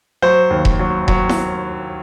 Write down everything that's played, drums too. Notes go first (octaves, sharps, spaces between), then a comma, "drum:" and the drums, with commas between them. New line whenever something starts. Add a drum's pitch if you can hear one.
F#3 C5
D#2
drum: kick E1
F#3
F#3, drum: kick E1
drum: snare E4